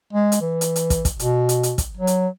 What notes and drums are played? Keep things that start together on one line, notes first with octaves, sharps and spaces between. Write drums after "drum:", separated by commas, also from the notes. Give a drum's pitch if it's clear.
G#3
drum: hi-hat
E3
drum: hi-hat
drum: hi-hat
drum: kick, hi-hat
drum: kick, hi-hat
B2, drum: hi-hat
drum: hi-hat
drum: hi-hat
drum: kick, hi-hat
F#3
drum: hi-hat